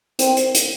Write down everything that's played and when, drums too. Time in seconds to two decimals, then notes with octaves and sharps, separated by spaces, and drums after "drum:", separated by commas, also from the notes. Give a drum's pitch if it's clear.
0.19 C4, drum: hi-hat
0.37 drum: hi-hat
0.55 drum: hi-hat